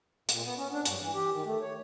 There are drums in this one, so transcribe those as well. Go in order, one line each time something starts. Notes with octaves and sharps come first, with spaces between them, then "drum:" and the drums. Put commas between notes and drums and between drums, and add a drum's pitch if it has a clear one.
A#2, drum: hi-hat
B3
C#4
D4
G2, drum: hi-hat
E3
G4
D#3
A3
C#5